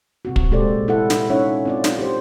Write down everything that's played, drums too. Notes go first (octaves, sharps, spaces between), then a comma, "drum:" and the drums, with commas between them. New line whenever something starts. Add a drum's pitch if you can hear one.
C3 C4 F#4
drum: kick
A#2 G#3 G4 A4 C5 D5
E4 A4 F#5
drum: snare
C#4 D#4 F4 C#5 E5 F#5
C4 F4 D5
drum: snare
G4 C5